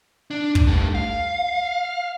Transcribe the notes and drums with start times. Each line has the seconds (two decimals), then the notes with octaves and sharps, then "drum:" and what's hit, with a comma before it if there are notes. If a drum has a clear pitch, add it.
0.31 D4
0.55 drum: kick
0.67 G2 A3
0.95 F5